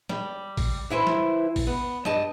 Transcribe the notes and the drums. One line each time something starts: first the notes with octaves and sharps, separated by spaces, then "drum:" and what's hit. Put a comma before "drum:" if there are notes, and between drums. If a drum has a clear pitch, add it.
G3, drum: snare
drum: kick, open hi-hat
E3 E4 B4 C5
drum: snare
drum: kick, open hi-hat
B3
G2 D#5 A5, drum: snare